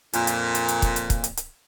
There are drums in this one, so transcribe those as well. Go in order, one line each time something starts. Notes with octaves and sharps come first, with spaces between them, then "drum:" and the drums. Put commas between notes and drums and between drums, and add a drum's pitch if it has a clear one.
F2 A#2, drum: hi-hat
drum: hi-hat
drum: hi-hat
drum: hi-hat
drum: kick, hi-hat
drum: hi-hat
drum: kick, hi-hat
drum: hi-hat
drum: hi-hat